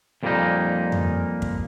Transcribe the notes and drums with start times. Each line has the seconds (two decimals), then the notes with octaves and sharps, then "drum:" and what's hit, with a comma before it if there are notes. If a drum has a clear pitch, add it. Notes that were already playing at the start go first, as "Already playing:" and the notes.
0.23 F2 A#2 G3 G#3 A#3 D#4
0.92 drum: tom F2
1.42 drum: kick